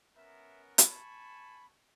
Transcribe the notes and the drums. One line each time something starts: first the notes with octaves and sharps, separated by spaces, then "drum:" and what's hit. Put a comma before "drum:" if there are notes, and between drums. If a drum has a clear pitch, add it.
B3 C#4 A#4 E5
G#5 A5 B5 C#6, drum: hi-hat